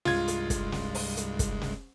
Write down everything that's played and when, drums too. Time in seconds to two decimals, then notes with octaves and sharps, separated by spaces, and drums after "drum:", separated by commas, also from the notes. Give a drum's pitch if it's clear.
0.05 C2 G2 G#3 F4 G#6, drum: snare
0.28 drum: hi-hat
0.50 drum: kick, hi-hat
0.72 drum: snare
0.95 drum: open hi-hat
1.17 drum: hi-hat
1.39 drum: kick, hi-hat
1.61 drum: snare